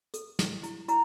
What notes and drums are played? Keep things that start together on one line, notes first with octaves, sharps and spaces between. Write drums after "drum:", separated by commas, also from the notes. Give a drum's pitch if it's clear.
A4, drum: hi-hat
E4, drum: snare
E4, drum: hi-hat
E4 A#5, drum: hi-hat